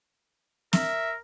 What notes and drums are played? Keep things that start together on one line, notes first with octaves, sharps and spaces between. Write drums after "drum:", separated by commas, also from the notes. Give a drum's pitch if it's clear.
A#4 E5, drum: snare